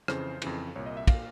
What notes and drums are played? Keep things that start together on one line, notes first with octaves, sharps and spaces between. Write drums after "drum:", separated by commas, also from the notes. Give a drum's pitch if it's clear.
F2 C#3 E3 C5, drum: rim click
F2 C#3 E3, drum: cymbal
C2 A#2 C#5
D#5
E5
A#2 F5, drum: kick, cymbal